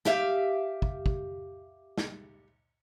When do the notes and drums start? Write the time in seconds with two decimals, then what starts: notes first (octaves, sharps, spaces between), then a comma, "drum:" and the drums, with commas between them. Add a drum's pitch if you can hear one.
0.05 G4 E5 F5, drum: snare
0.82 drum: kick
1.06 drum: kick
1.98 drum: snare